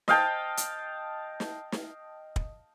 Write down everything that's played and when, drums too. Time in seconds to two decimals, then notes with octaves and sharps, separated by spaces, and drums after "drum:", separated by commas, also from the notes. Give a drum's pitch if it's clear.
0.08 D#5 F5 G5 A5, drum: snare
0.57 drum: hi-hat
1.40 drum: snare
1.72 drum: snare
2.36 drum: kick